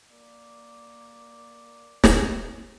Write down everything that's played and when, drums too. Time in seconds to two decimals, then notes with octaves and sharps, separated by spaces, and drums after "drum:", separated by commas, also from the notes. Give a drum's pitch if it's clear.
0.11 A#3 D5
2.04 drum: snare